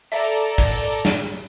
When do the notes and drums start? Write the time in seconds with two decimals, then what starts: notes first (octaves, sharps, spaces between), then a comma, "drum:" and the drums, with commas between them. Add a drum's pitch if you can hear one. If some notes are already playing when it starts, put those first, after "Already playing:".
0.12 A4 D5 E5 A#5, drum: open hi-hat
0.58 drum: kick, open hi-hat
1.05 drum: snare